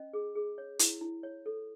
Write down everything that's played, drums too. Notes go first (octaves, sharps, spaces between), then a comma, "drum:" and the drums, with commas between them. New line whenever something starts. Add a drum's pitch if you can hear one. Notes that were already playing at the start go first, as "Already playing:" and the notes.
Already playing: C#4 D#5
G#4
G#4
C#5
E4, drum: hi-hat
E4
C#5
A4